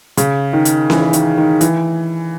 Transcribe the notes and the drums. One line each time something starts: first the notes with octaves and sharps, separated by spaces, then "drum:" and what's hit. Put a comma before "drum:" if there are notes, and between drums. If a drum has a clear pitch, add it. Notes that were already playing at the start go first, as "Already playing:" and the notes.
C#3, drum: hi-hat
D#3
drum: hi-hat
E3, drum: snare C#4
D#3, drum: hi-hat
D#3
E3, drum: hi-hat